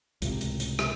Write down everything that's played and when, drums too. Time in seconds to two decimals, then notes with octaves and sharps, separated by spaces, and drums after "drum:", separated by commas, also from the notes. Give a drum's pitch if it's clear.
0.22 C#2 A2 C3, drum: hi-hat
0.41 drum: hi-hat
0.60 drum: hi-hat
0.79 drum: rim click